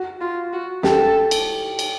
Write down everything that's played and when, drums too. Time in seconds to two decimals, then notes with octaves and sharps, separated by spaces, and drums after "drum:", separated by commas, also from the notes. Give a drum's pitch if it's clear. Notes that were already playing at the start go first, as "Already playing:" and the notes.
Already playing: F#4
0.21 F4
0.53 F#4
0.83 G4 A4, drum: snare
1.31 drum: cymbal
1.79 drum: cymbal